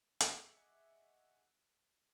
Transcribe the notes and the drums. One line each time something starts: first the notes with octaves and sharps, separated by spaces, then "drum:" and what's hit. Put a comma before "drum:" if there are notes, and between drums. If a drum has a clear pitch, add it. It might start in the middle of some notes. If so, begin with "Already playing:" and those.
G#4 D#5 E5 F#5 C#6 D6, drum: hi-hat